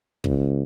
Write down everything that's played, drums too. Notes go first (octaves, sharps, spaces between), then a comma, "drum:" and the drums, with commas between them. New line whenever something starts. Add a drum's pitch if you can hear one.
C#2, drum: kick